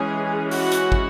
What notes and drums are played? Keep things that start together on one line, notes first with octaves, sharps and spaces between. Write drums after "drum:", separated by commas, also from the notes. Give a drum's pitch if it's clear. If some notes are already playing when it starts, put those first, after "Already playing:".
Already playing: E3 G#3 C#4 G#4
F#4, drum: open hi-hat
drum: hi-hat
drum: kick